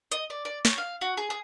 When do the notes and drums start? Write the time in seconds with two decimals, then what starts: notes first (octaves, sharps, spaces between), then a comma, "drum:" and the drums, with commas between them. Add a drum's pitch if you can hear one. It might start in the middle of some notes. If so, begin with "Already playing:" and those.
0.12 D#5, drum: hi-hat
0.30 D5
0.45 D5
0.65 C#5, drum: snare
0.78 F5
1.01 F#4
1.17 G#4
1.30 G#4